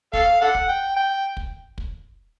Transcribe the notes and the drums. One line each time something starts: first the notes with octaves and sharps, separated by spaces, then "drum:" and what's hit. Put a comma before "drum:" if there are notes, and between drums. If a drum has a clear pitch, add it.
A4 F5, drum: kick
A4 F#5
drum: kick
G5
G5
drum: kick
drum: kick